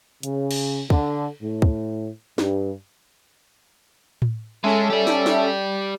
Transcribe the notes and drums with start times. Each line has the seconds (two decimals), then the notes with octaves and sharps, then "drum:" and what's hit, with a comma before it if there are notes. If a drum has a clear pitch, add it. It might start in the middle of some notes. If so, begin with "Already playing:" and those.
0.23 C#3, drum: hi-hat
0.51 drum: cymbal
0.90 D3, drum: kick
1.42 A2
1.62 drum: kick
2.38 G2, drum: snare
4.22 drum: tom A2
4.64 G#3 C#4 A4 E5
4.90 G4 D5
5.07 drum: snare
5.26 drum: snare